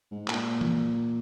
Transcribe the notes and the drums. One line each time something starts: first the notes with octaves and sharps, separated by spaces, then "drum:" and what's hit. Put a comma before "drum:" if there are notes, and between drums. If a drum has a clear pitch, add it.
G#2
A#2, drum: clap
drum: tom E3